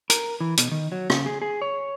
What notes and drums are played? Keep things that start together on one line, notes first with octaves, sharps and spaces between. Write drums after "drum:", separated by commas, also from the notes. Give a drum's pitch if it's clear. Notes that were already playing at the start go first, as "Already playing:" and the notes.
A#4, drum: hi-hat
E3
B2, drum: hi-hat
D#3
F#3
C#3, drum: rim click
G#4
G#4
C#5